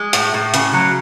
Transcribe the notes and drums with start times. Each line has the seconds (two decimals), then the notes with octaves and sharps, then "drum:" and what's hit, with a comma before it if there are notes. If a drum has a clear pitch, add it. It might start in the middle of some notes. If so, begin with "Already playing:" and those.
Already playing: G#3
0.13 A2, drum: hi-hat
0.34 A2
0.54 C#3, drum: hi-hat
0.73 F#3